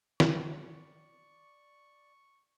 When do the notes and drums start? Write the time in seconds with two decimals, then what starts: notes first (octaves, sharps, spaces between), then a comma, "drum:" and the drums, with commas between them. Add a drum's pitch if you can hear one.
0.20 D5 C#6, drum: snare